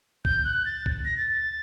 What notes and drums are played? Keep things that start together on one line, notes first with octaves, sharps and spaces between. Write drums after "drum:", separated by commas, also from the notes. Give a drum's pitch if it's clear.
G6, drum: kick
F#6
A6
drum: kick
A#6
A6